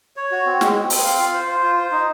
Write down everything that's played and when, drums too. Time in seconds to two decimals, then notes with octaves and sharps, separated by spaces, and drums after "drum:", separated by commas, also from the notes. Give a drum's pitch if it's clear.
0.17 C#5
0.31 F#4
0.46 C4
0.61 G#3, drum: snare
0.76 C4
0.90 C4, drum: open hi-hat
1.04 F5
1.19 F4
1.34 C5
1.48 C5
1.63 F4
1.77 C5
1.92 D#4